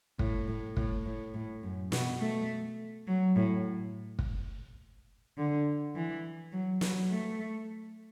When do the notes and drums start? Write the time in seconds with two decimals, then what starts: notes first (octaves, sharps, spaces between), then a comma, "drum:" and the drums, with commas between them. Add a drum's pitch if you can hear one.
0.19 A2, drum: kick
0.48 A2
0.77 A2, drum: kick
1.06 A2
1.34 A2
1.63 F#2
1.92 B2, drum: snare
2.20 A3
3.07 F#3
3.36 A2
4.19 drum: kick
5.38 D3
5.96 E3
6.53 F#3
6.81 F#3, drum: snare
7.10 A3